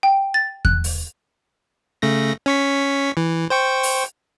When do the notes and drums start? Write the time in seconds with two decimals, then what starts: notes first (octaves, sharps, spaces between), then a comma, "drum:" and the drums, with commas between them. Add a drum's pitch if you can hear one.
0.03 G5
0.34 A6
0.65 F#6, drum: kick E2
0.84 drum: open hi-hat
2.02 C#3 A3 A#6
2.46 C#4 C#6 B6
3.17 E3
3.50 C5 G5 C#6
3.83 drum: open hi-hat